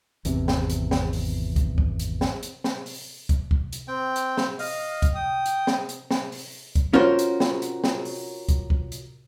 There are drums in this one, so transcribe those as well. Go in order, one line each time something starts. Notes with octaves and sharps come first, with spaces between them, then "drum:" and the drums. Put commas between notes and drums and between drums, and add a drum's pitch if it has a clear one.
G#1 E2 C3, drum: hi-hat
drum: snare
drum: hi-hat
drum: snare
drum: open hi-hat
drum: kick, hi-hat
drum: kick
drum: hi-hat
drum: snare
drum: hi-hat
drum: snare
drum: open hi-hat
drum: kick, hi-hat
drum: kick
drum: hi-hat
C4 G5
drum: hi-hat
drum: snare
D#5 F5, drum: open hi-hat
drum: kick, hi-hat
G5 D#6
drum: hi-hat
drum: snare
drum: hi-hat
drum: snare
drum: open hi-hat
drum: kick, hi-hat
C#4 F4 F#4 A#4 C5
drum: hi-hat
drum: snare
drum: hi-hat
drum: snare
drum: open hi-hat
drum: kick, hi-hat
drum: kick
drum: hi-hat